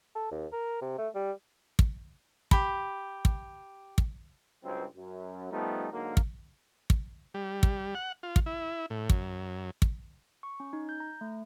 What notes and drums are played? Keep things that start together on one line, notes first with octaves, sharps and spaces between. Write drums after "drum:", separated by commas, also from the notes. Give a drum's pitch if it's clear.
A4
D#2
A#4
C3
A3
G3
drum: kick
G4 B5, drum: kick
drum: kick
drum: kick
C#2 G2 F#3 C4
F#2
F3 G3 A3 B3 D#4
G#2 D3 F#3 A#3
drum: kick
drum: kick
G3
drum: kick
F#5
F4
drum: kick
E4
A2
F#2, drum: kick
drum: kick
C#6
C#4
D#4
G6
A#5
A3